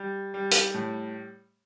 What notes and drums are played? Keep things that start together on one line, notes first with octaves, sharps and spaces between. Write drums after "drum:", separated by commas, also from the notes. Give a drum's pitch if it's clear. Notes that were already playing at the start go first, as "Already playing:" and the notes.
Already playing: G3
G3
drum: hi-hat
A2